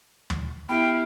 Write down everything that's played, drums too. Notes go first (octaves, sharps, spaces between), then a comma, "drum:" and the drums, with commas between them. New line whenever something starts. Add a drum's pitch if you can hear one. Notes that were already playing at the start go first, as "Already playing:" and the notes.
drum: tom
B3 E4 G4 F5 G5